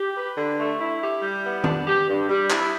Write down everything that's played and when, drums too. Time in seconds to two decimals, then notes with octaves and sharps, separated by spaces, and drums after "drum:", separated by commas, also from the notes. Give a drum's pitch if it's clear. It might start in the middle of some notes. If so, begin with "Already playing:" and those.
Already playing: G4
0.15 B4
0.37 D3
0.58 A3
0.79 E4
1.00 G4
1.22 G3
1.43 B3
1.64 D4, drum: tom
1.86 G4
2.07 G2
2.29 G3
2.50 E4, drum: clap